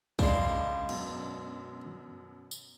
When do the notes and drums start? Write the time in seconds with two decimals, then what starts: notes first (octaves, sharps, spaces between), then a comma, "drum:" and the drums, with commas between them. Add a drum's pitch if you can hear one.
0.19 C#2 G#3 D4 D#5 C7, drum: kick
0.89 F#2 B2, drum: cymbal
2.51 drum: tambourine